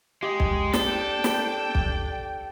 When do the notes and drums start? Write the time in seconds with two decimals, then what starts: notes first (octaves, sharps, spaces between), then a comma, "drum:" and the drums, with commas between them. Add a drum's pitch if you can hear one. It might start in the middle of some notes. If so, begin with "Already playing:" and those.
0.22 G#3 G4 D#5
0.40 drum: kick B1
0.74 D4 A4 G5, drum: snare
1.24 drum: snare
1.75 drum: kick B1
2.12 G5